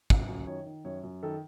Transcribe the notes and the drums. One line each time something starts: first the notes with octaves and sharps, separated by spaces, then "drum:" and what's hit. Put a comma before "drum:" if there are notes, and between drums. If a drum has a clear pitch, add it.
F#2, drum: kick
F#2
D#3 C#5
D#3
F#2 C#5
F#2
D#3 A4